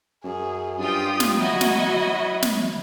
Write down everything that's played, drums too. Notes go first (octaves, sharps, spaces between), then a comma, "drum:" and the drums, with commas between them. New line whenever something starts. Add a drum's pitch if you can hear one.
F#2 G#4
G2 F4 G4 G5 D#6
drum: snare
F#3 E4 F#4 D#5 G#6
drum: snare
drum: snare